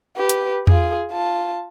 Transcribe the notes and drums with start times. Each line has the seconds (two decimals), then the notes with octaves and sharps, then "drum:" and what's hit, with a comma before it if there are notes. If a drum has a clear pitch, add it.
0.17 G4 B4
0.29 drum: hi-hat
0.67 F4 G#4, drum: tom E2
1.11 F4 A5